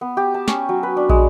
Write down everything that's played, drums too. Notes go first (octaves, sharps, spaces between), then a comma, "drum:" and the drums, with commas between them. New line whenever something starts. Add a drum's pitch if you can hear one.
B3
G4
A5
C#4, drum: snare
F#3
B4
D4
G#3, drum: kick